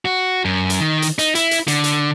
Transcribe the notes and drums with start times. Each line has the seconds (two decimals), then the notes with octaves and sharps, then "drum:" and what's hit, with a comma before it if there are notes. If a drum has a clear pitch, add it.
0.05 F#4
0.45 F#2
0.70 drum: hi-hat
0.80 D#3
1.02 drum: hi-hat
1.19 D#4, drum: hi-hat
1.35 E4, drum: hi-hat
1.51 drum: hi-hat
1.68 D3, drum: hi-hat
1.84 drum: hi-hat